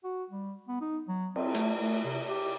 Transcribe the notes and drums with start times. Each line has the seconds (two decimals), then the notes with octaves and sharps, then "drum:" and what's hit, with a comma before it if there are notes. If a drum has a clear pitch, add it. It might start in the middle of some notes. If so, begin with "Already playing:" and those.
0.04 F#4
0.30 G3
0.68 B3
0.81 D#4
1.08 F#3
1.36 C4, drum: cymbal
1.54 A3, drum: hi-hat
1.81 A3
2.05 C3
2.29 G4